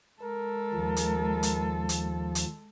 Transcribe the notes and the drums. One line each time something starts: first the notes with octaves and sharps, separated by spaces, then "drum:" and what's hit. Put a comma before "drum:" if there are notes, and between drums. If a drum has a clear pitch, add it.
G#3 A4 A#4
D#2 F3
drum: hi-hat
drum: hi-hat
drum: hi-hat
drum: hi-hat